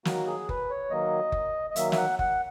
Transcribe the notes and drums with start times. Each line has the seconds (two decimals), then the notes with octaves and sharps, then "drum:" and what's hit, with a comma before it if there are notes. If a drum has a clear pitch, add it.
0.05 D#3 F#3 A#3 F#4, drum: snare
0.27 G#4
0.49 B4, drum: kick F#1
0.70 C#5
0.90 D#3 F#3 A#3 D#5
1.32 drum: kick F#1
1.70 D#5
1.76 D#3 F#3 A#3 E5, drum: hi-hat
1.92 E5, drum: snare
1.97 F#5
2.19 F#5, drum: kick F#1